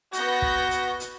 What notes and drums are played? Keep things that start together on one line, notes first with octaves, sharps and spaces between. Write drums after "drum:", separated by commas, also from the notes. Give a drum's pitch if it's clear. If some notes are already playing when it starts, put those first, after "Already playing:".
B3 F#4 G6 A#6, drum: hi-hat
drum: kick
drum: hi-hat
drum: hi-hat